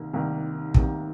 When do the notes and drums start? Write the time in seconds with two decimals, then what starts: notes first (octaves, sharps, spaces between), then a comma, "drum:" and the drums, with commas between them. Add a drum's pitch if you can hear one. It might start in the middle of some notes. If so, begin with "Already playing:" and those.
Already playing: C2 D#3 A#3
0.13 C2 C3 D#3 A#3
0.74 C2 C3 D#3 A#3, drum: kick